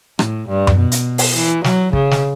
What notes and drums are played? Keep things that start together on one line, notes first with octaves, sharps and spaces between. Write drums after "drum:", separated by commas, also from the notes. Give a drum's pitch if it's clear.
A2, drum: rim click
G2
drum: tom F#2
B2
drum: hi-hat
drum: open hi-hat
E3
F#3, drum: snare
C#3, drum: kick
drum: snare